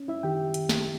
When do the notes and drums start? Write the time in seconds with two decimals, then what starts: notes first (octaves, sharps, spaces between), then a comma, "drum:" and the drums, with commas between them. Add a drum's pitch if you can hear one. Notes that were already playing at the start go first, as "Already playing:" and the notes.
Already playing: C#4
0.08 E4 E5
0.23 D#3 G4 G5
0.54 drum: hi-hat
0.69 drum: snare